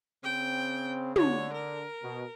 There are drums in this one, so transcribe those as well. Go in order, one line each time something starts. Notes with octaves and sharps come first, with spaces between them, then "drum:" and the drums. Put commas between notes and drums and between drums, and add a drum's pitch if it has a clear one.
C#3 C4 G5
D3 C#5, drum: tom
A#4
B2